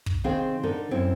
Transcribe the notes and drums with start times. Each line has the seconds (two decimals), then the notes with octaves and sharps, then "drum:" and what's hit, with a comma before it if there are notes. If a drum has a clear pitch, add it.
0.06 drum: kick
0.24 C3 D#3 C4 G#4 F5 G5
0.63 D3 D#4 A4 A#4
0.91 F#2 C4 E4 G5